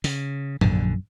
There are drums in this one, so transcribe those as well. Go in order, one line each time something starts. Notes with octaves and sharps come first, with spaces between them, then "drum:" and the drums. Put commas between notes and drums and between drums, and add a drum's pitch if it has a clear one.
C#3, drum: open hi-hat
A#1 F#2 D3, drum: tom G#2